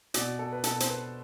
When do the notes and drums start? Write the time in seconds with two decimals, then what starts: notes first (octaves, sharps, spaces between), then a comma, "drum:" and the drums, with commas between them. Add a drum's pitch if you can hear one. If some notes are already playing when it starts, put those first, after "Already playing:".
0.14 B2 D5, drum: hi-hat
0.39 A4
0.52 B4
0.64 B2 A4, drum: hi-hat
0.80 C5, drum: hi-hat
0.90 B4